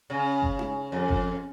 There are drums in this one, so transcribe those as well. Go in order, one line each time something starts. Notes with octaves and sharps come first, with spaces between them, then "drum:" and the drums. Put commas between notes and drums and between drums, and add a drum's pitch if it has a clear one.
C#3
drum: kick G1
drum: tom D#4
F2
drum: kick G1